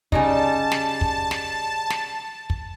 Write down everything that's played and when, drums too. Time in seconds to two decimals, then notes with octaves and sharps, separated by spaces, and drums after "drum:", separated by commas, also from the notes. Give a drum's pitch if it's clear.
0.12 C#3 G3 D#4 A5, drum: kick
0.72 drum: snare
1.01 drum: kick
1.31 drum: snare
1.90 drum: snare
2.50 drum: kick